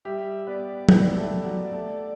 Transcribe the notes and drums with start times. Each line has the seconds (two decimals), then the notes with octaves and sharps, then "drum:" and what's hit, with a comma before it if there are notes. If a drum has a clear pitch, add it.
0.05 G3 G4 E5
0.47 B3 B4 D5
0.89 B3 B4 D5, drum: tom
1.17 A3 A4
1.45 F#3 F#4
1.73 A3 A4